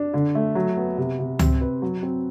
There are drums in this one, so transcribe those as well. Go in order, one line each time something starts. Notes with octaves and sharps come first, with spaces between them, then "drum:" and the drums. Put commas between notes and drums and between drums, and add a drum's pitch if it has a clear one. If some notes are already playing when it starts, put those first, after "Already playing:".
Already playing: D4
D3
A3
F#3
B3
C3
C3
C4, drum: tom C#2
B4
F#3
C4